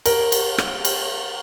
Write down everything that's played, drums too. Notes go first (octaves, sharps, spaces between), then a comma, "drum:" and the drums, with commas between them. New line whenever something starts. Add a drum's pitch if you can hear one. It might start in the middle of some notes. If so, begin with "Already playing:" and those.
A#4, drum: cymbal
drum: cymbal
drum: rim click
drum: cymbal